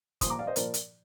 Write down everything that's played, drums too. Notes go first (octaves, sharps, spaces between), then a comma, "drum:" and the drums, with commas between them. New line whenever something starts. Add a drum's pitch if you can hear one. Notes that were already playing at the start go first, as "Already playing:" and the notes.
F3 C6 D#6, drum: kick, hi-hat
A#2 A#5 D6
D5 F5
C5 D#5
A#2 F3 A#4 D5, drum: hi-hat
drum: hi-hat